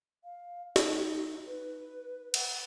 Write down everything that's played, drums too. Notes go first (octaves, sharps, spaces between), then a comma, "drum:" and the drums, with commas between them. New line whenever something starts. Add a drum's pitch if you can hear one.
F5
D#4, drum: snare
B4
F#5, drum: cymbal